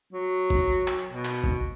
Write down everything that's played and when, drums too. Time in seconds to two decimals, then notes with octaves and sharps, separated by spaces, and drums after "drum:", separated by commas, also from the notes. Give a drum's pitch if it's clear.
0.13 F#3
0.50 drum: kick
0.88 drum: clap
1.11 B2
1.25 drum: clap
1.44 drum: kick